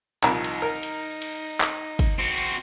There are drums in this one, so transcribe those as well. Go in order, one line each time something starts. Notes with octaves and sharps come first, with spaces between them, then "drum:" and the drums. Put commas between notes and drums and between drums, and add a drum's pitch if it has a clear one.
C2 D#3 F3 D#4 A#5 B5, drum: clap
drum: cymbal
A#4
drum: cymbal
drum: cymbal
drum: clap
drum: kick, cymbal
C4 F#4
drum: cymbal